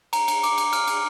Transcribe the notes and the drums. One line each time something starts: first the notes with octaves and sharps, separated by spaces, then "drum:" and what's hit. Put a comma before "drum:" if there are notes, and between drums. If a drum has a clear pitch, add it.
A#5, drum: cymbal
drum: cymbal
D6, drum: cymbal
drum: cymbal
F6, drum: cymbal
drum: cymbal